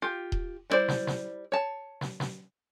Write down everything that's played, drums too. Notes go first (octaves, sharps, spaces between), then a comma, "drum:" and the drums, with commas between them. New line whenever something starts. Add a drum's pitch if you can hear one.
F4 G4
drum: kick D#1
G3 D4 E4 C5 D5
drum: snare
drum: snare
C#5 A5
drum: snare
drum: snare